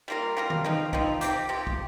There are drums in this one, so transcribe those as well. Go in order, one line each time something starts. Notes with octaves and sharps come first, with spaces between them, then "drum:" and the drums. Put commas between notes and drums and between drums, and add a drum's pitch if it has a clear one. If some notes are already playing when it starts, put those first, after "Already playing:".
G3 A#3 F4 A#4
G3 A#3 F4 A#4
drum: tom
F3 C4 D#4, drum: tom D#3
F3 C4 D#4, drum: kick
C3 F3 C4 G4, drum: hi-hat
C3 F3 C4 G4
drum: kick